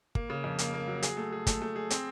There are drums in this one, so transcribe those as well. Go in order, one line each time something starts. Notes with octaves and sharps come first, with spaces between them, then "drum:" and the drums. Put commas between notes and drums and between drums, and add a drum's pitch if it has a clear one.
A#3, drum: kick
C#3
F2
A#3, drum: hi-hat
A#3
F#3
G#4, drum: hi-hat
A3
G#4
A3, drum: kick, hi-hat
A3
G#4
C4, drum: hi-hat